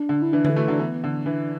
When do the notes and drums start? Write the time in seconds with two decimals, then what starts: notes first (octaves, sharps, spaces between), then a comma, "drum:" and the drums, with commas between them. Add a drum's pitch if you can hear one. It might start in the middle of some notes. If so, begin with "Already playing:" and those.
Already playing: D4
0.09 D3
0.22 E4
0.33 E3 D4
0.45 E3, drum: tom D3
0.50 A4
0.56 E3 A3 F#4
0.65 E4
0.68 D3 F#3
0.72 D4
0.79 E3 B3
1.04 D3
1.26 E3 D4